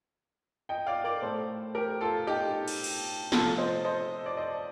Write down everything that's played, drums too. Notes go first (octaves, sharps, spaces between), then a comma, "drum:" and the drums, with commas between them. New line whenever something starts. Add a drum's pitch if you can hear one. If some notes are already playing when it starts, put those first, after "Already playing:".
D#5 G5
D5 F5
A#4 D5
A2 A3 A4 C5
G4 A#4
F4 A4
D#4 G4
drum: cymbal
drum: cymbal
C3 F3 A3 F4 A4, drum: snare
C5 D#5
C5 D#5
D5
C5 D#5